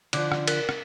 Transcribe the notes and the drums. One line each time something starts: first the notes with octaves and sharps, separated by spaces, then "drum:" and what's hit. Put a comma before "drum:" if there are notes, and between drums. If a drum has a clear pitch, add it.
D3 F3 D6 F#6, drum: cymbal
drum: rim click
A#4 F#6 B6, drum: cymbal
drum: rim click